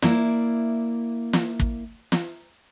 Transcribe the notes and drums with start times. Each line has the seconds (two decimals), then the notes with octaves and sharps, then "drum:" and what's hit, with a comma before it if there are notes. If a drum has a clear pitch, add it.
0.02 A#3 E4 D5, drum: snare
1.33 drum: snare
1.60 drum: kick
2.12 drum: snare